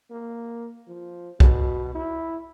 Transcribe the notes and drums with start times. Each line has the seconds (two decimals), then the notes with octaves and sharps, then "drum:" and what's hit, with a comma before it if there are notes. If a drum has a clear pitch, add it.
0.11 A#3
0.88 F3
1.40 B2, drum: kick B1
1.95 E4